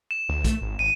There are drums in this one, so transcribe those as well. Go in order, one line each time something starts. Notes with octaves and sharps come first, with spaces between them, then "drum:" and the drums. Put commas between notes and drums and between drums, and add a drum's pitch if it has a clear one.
E7
D2
A3, drum: kick, hi-hat
G#1
G#1 D#7